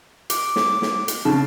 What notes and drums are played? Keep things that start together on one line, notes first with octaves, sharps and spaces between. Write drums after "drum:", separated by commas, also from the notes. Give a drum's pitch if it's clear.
D6, drum: hi-hat
drum: snare
drum: snare
drum: hi-hat
C#3 A5